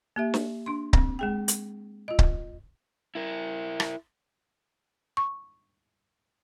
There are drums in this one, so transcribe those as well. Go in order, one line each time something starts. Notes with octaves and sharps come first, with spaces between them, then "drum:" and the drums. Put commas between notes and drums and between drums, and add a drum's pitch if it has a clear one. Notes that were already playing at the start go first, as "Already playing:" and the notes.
A#3 G4 E5
drum: snare
D4 C6
C4, drum: kick C#1
G#3 G#4 G5
drum: hi-hat
F4 D#5
drum: kick C#1
E4 A#4
drum: rim click
C#6